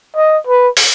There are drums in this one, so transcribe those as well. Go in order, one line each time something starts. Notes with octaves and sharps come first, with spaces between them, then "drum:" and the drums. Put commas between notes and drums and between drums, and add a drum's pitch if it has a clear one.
D#5
B4
drum: open hi-hat